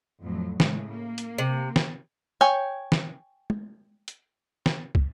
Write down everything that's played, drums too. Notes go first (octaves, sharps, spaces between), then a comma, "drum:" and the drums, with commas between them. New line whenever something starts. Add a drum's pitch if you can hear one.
F2 A2 F#3
A2 C#3 G#3, drum: snare
A#3
drum: hi-hat
C3
drum: snare
C#5 G5 G#5
drum: snare
drum: tom G#3
drum: hi-hat
drum: snare
drum: kick